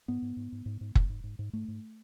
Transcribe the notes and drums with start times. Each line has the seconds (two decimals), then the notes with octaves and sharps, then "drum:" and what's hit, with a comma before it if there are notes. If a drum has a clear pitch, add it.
0.08 G#2 B3
0.22 G#2
0.37 G#2
0.52 G#2
0.66 G#2
0.81 G#2
0.95 G#2, drum: kick
1.10 G#2
1.24 G#2
1.39 G#2
1.53 G#2 A3
1.68 G#2